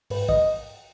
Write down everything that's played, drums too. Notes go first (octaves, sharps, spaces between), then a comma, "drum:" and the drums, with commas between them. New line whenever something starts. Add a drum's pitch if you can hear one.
G#2 B4, drum: open hi-hat
D#5, drum: kick